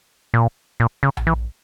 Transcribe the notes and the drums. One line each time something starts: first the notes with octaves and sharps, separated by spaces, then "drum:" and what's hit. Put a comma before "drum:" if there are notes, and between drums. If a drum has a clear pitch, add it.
A#2
A#2
C#3
drum: tom A#1
E3